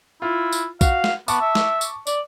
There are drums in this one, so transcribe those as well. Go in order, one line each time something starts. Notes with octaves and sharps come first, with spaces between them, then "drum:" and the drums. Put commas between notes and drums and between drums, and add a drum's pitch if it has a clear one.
E4 F4
drum: tambourine
F#4 F5, drum: kick A#1, tambourine
drum: snare
B3 A5 C#6 D6, drum: tambourine
E5
drum: snare
drum: tambourine
D5, drum: tambourine